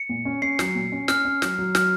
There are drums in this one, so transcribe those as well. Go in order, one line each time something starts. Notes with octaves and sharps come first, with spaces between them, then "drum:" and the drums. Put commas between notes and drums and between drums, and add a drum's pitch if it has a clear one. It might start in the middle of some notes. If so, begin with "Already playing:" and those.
Already playing: C#7
A#2
C#4
C#4 C7
F#3, drum: snare
A#2
C#4
C#4 F6, drum: snare
C#4
F#3, drum: snare
F#3
F#3 F6, drum: snare